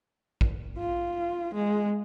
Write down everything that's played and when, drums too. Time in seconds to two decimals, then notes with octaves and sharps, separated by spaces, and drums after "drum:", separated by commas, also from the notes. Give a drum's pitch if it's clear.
0.41 drum: kick A#1
0.79 F4
1.54 G#3